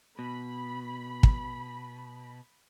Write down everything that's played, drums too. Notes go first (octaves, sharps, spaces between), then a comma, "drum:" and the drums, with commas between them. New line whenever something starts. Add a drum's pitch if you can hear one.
B2 B5
drum: kick